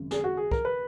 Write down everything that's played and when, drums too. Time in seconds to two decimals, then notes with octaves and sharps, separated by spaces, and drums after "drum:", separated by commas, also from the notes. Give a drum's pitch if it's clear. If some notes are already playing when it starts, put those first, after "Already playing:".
Already playing: G#1 F#2 C#3
0.11 G#4, drum: snare
0.24 F#4
0.37 G#4
0.51 A#4, drum: kick
0.65 B4